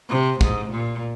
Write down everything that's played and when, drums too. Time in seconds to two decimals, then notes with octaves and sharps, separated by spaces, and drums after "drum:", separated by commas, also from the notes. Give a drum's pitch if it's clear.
0.09 C3
0.41 G#2, drum: kick
0.71 A#2